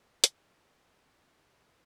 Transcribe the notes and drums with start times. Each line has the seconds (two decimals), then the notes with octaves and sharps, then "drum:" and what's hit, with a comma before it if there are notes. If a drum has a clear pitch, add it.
0.24 drum: hi-hat
0.78 E4
1.10 A#4
1.43 A4